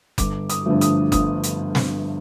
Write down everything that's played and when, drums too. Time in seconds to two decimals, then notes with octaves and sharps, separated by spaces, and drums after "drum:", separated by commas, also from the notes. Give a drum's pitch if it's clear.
0.18 G1 D6, drum: kick F#1, hi-hat
0.50 D#6, drum: hi-hat
0.66 G2 D3 F3 A3
0.81 D#6, drum: hi-hat
1.12 G1 D#6, drum: kick F#1, hi-hat
1.44 drum: hi-hat
1.75 drum: snare